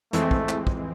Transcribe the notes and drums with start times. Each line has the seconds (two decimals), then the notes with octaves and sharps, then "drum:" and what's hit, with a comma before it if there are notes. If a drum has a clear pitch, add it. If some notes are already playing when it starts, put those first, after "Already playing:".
0.13 F2 E3 G#3 A3 C4, drum: hi-hat
0.31 drum: kick
0.49 drum: clap
0.67 drum: kick